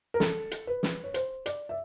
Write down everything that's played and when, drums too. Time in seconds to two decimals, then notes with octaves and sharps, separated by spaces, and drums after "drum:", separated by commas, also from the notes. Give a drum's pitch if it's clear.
0.14 A#4
0.20 A4, drum: snare
0.51 drum: hi-hat
0.67 B4
0.83 drum: snare
1.04 C#5
1.14 C5, drum: hi-hat
1.46 D5, drum: hi-hat
1.69 E5